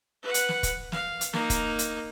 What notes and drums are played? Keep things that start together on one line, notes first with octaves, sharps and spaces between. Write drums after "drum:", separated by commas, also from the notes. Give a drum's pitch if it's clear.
B4 F#5
drum: hi-hat
drum: snare
drum: kick, hi-hat
F5, drum: snare
drum: hi-hat
A#3 D#4, drum: snare
drum: kick, hi-hat
drum: hi-hat